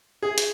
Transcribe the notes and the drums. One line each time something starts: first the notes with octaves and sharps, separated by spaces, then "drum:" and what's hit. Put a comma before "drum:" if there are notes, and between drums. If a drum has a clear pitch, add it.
G#4
drum: hi-hat